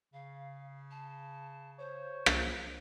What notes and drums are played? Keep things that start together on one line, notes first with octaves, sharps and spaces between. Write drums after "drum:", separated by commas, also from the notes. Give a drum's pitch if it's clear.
C#3 F5
A5
C5 C#5
drum: rim click